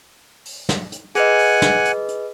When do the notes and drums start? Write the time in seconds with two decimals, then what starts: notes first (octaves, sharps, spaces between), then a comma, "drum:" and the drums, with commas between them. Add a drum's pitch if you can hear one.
0.45 drum: open hi-hat
0.69 drum: snare
0.92 drum: hi-hat
1.15 G#4 B4 D#5 F#5 G#5, drum: hi-hat
1.39 drum: open hi-hat
1.62 drum: snare
1.85 drum: hi-hat
2.08 drum: hi-hat